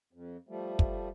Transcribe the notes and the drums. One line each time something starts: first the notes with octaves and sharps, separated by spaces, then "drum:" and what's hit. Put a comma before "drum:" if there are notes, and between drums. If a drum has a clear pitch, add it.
F2
F3 G3 A3
drum: kick